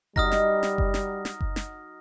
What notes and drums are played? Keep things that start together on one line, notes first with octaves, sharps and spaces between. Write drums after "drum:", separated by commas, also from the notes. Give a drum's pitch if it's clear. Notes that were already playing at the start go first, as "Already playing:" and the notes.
F#3 G3 D#4 D#6 F6 A#6, drum: kick F#1
drum: snare
drum: snare
drum: kick F#1
drum: snare
drum: snare
drum: kick F#1
drum: snare